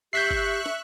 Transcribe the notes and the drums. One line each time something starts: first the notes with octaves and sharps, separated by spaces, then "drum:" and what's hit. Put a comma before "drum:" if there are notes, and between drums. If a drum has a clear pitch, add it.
G4 E5 C#6 F#6 G6 B6 C7
drum: kick G1
drum: snare